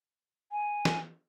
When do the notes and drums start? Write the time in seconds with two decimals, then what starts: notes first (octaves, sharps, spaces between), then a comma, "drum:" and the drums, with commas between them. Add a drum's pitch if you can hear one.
0.52 G#5
0.85 drum: snare